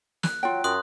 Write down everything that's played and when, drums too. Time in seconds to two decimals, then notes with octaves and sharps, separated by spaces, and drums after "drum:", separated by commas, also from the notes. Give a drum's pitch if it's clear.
0.23 F#6, drum: snare
0.43 F#3 F4 G5
0.64 F#2 C6 D#6 F#6